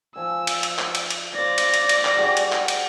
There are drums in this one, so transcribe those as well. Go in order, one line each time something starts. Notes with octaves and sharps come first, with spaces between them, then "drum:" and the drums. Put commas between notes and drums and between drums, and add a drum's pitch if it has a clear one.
F3 G#5 E6
drum: cymbal
drum: cymbal
drum: clap
drum: cymbal
drum: cymbal
C5 D5 F5 A#6
drum: cymbal
drum: cymbal
drum: cymbal
drum: clap
G3 F#4 G#4
drum: cymbal
drum: clap
drum: cymbal